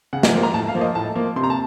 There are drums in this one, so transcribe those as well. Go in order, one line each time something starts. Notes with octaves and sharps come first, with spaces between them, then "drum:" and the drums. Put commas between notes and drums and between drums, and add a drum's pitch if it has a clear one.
C#3 F#5
drum: snare
F3 A#3
A#5
A2 A5
F5
F3 A#3
D#5
A2 A5
F3 A#3
C3 C6
A#5
A5